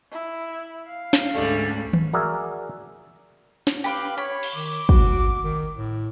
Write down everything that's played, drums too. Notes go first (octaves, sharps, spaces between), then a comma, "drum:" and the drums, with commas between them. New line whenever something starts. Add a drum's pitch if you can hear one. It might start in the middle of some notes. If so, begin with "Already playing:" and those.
E4
F5
drum: snare
D2 G#2 D3 G3 A3 C#4
drum: tom D#3
F#4 G#4 A#4 D5 E5
drum: snare
G4 B4 F5
C#5 B5
drum: cymbal
D#3 D6
F#4, drum: kick
D#3
A2